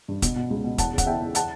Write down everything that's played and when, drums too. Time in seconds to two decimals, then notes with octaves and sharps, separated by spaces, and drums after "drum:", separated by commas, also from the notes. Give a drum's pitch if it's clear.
0.08 G2
0.22 B2, drum: kick, hi-hat
0.36 B2
0.50 C#2
0.64 B2
0.78 E2 F#5 A5, drum: kick, hi-hat
0.92 C#3
0.98 F#5, drum: kick, hi-hat
1.06 E2 E5 G5
1.22 E2
1.35 F#5 A5, drum: hi-hat